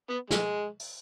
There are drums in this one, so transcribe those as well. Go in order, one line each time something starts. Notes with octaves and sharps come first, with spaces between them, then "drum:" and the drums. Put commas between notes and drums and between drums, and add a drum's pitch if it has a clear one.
B3
G#3, drum: snare
drum: open hi-hat